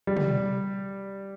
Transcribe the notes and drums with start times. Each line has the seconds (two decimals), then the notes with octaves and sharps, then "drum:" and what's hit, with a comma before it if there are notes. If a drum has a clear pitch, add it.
0.07 G3
0.16 drum: tom